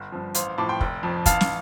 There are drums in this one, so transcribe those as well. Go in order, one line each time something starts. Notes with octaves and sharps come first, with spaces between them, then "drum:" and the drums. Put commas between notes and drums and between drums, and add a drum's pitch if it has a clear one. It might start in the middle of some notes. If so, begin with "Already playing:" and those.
Already playing: G1
G2 F3
A1 C5 F5, drum: hi-hat
A2 F3 A5 D6
G5 C6
F1, drum: kick
F2 F3
A1 F5 A5, drum: kick, hi-hat
drum: snare